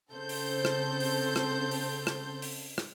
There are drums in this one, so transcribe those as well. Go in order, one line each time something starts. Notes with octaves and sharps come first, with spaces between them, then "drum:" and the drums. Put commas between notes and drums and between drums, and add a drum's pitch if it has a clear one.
C#3 C4 A4 C5 G6
drum: open hi-hat
drum: rim click
drum: open hi-hat
drum: rim click
drum: open hi-hat
drum: rim click
drum: open hi-hat
drum: rim click